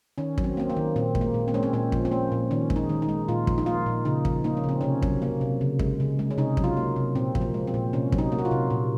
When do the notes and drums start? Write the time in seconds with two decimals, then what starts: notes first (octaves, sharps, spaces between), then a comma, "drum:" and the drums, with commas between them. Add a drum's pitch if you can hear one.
0.18 D#3 C#4
0.38 F#3, drum: kick
0.44 C4
0.57 A#3 C4
0.70 A#3
0.76 D#3
0.96 A#2 C4
1.15 G#3, drum: kick
1.21 A#3
1.34 A#2
1.48 C4
1.54 G#3 C#4
1.63 C4
1.73 A#2 C4
1.92 F3, drum: kick
2.05 C4
2.11 A#3 C#4
2.32 A#2
2.51 D#3 C#4
2.70 G#3, drum: kick
2.76 D#4
2.89 D#3
3.02 D#4
3.09 G#3
3.28 A#2 F4
3.47 F3, drum: kick
3.58 D#4
3.66 A#3 F4
3.86 A#2
4.05 C#3 D#4
4.25 F3, drum: kick
4.44 A#3 D#4
4.57 C#4
4.64 C#3
4.69 C4
4.81 C3 C#4
5.02 F#3, drum: kick
5.22 A#3
5.41 C3
5.61 C#3
5.79 G#3, drum: kick
6.00 C#3
6.19 G#3
6.31 C#4
6.38 C3 D#4
6.57 F#3, drum: kick
6.64 F4
6.77 A#3
6.96 C3
7.15 A#2 C4
7.35 F3, drum: kick
7.41 A#3
7.54 G#3
7.67 C4
7.74 A#2
7.93 C3 C#4
8.12 F#3, drum: kick
8.18 D#4
8.32 A#3
8.39 F#4
8.45 F4
8.51 C3
8.70 A#2